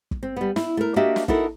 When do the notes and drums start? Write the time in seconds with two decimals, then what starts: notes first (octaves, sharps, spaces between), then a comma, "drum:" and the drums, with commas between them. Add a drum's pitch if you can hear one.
0.11 drum: kick
0.23 C4
0.36 G3 B3
0.56 E4, drum: snare
0.77 A3 A#4
0.96 A#3 D4 F#4 G4 D#5 E5
1.16 drum: snare
1.28 D#4 E4 F#4 A4 A#4, drum: kick